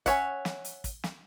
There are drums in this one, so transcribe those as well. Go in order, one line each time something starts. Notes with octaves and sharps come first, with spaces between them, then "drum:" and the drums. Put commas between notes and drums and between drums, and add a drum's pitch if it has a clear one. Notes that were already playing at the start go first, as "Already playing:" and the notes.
C#4 B4 C#5 E5 F#5, drum: kick, hi-hat
drum: snare
drum: hi-hat
drum: kick, hi-hat
drum: snare